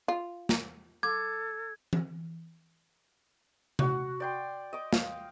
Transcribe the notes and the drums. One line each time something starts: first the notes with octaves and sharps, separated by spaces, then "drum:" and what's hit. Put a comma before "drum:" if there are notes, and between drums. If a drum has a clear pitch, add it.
F4
drum: snare
A4 D6 G#6
drum: tom E3
F#4 F#5, drum: tom C3
D5 G5 C6
D#5 D6
F5, drum: snare